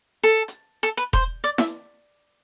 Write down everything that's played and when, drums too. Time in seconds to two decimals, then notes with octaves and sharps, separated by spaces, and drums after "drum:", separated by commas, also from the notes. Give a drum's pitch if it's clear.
0.23 A4
0.48 drum: hi-hat
0.83 A4
0.97 B4
1.13 C5, drum: kick E1
1.44 D5
1.58 E5, drum: snare E4